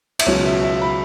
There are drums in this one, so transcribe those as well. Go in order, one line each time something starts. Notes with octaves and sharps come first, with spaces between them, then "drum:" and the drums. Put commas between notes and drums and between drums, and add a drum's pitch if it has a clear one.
E5, drum: cymbal
C#2 B2 F#3 C#4 C#5
E5
E5
B5